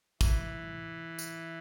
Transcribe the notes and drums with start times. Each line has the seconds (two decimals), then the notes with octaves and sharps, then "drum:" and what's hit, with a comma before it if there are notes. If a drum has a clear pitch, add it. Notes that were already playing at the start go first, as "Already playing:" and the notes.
0.21 E3, drum: kick, tambourine
1.19 drum: tambourine